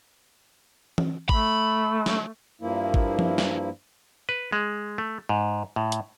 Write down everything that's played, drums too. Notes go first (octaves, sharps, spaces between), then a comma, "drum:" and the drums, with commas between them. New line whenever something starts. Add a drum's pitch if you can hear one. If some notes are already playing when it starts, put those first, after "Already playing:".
drum: tom
A3 B5, drum: kick G#1
drum: snare
G2 F3 A#3 E4
drum: kick G#1
drum: tom F3
drum: snare
B4
G#3
A3
G#2
A2
drum: hi-hat